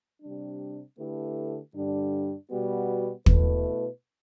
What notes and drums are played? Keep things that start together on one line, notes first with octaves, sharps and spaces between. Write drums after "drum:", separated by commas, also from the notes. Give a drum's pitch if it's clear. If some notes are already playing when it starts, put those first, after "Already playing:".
C3 G3 D4
D3 A3 E4 G4 B4
G2 D3 G3 D4
B2 G3 B3 F#4
B2 A3 E4 B4, drum: kick